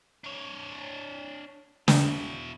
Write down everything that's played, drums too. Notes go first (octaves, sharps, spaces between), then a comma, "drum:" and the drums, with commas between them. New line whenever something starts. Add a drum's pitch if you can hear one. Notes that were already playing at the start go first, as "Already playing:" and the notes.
D4 C#5
B2 E4, drum: snare